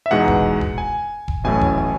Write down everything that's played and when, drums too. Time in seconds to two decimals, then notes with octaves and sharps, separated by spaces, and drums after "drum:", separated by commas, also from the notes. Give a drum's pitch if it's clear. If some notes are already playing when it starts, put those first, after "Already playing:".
0.06 E5
0.11 E2 B2 G#3 D#4 F#5
0.28 drum: kick E1
0.61 drum: kick E1
0.78 G#5
1.28 drum: kick E1
1.44 A1 A2 F#3 A3 C#4 G#5
1.61 drum: kick E1
1.78 G#5